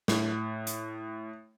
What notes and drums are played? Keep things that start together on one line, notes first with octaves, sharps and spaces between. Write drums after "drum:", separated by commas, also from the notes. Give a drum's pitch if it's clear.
A2, drum: snare
drum: hi-hat